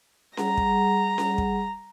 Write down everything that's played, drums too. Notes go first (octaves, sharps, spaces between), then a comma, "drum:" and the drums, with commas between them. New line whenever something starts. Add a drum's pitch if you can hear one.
G3 G#4 F#5 A#5, drum: snare C#4
drum: kick
drum: snare C#4
drum: kick